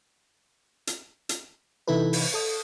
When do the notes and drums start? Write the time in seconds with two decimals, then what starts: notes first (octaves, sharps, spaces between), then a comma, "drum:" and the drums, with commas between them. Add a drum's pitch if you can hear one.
0.87 drum: hi-hat
1.29 drum: hi-hat
1.88 C3 E3 D#4 E4 A4 B4
2.13 drum: open hi-hat
2.34 A4 D#6